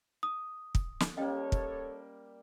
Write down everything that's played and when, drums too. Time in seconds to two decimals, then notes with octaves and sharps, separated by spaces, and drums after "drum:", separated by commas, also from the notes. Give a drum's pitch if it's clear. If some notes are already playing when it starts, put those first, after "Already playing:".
0.23 D#6
0.75 drum: kick
1.00 drum: snare
1.17 G3 A#3 C#4 A4 C#5 D#5 G5
1.52 drum: kick